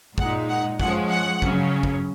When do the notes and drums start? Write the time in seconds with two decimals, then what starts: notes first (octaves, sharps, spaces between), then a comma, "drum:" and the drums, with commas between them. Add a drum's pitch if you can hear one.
0.18 A#2 G#3 D#4 F#5, drum: kick
0.49 F#5
0.80 F3 G#3 C#4 F#5, drum: kick
1.11 F#5
1.42 C#3 F#3 C#4, drum: kick
1.83 drum: kick